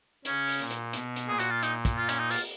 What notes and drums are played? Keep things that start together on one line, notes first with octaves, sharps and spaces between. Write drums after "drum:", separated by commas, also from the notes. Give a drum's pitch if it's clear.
C#3 C#4, drum: hi-hat
drum: open hi-hat
A#2
drum: hi-hat
B2, drum: hi-hat
drum: hi-hat
A#2 G#4
F#4, drum: hi-hat
F4
D#4, drum: hi-hat
drum: kick, hi-hat
F4
C#4, drum: hi-hat
D#4
F4, drum: open hi-hat